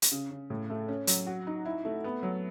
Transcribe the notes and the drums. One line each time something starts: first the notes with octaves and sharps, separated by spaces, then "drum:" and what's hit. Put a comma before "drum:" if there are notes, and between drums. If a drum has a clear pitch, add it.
drum: hi-hat
C#3
C#3
A2
A3
C#4
F#3, drum: hi-hat
F#4
D#4
E4
A3
B3
F#3